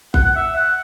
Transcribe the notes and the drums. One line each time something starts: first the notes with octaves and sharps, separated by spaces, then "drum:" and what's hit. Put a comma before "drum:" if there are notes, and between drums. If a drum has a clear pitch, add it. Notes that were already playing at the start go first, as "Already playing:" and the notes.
F#5, drum: kick
F#5
E5
F#5